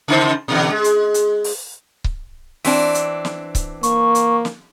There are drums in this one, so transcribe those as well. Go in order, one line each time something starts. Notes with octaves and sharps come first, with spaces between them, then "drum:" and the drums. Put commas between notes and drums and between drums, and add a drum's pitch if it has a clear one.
C#3 D#4 C5
B2 D3 E3
G#3
drum: hi-hat
drum: hi-hat
drum: open hi-hat
drum: kick C#1
E3 C4 D4, drum: open hi-hat
drum: hi-hat
drum: snare
drum: kick C#1, hi-hat
A#3 C#6, drum: hi-hat
drum: hi-hat
drum: snare